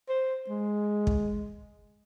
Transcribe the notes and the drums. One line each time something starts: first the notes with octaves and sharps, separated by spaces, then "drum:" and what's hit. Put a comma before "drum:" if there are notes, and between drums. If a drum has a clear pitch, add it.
C5
G#3
drum: kick